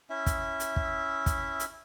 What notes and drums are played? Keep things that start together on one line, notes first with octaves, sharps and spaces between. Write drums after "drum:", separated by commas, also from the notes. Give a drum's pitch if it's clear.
C#4 E4 E5
drum: kick, hi-hat
drum: hi-hat
drum: kick
drum: kick, hi-hat
drum: hi-hat